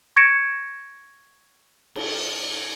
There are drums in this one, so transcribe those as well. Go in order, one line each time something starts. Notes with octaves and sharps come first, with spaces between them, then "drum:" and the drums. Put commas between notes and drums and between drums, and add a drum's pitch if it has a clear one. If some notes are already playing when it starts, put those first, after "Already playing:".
C#6 G#6 A#6 C#7 D7 E7
drum: cymbal